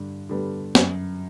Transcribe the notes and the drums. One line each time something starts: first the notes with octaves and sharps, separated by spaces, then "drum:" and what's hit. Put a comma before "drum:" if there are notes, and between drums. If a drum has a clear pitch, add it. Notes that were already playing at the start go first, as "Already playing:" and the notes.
Already playing: G2 D3 G3
D3 G3 B3
F#2, drum: snare